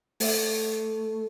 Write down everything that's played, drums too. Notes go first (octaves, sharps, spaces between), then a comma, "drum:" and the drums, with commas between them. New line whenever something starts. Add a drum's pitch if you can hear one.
A3, drum: open hi-hat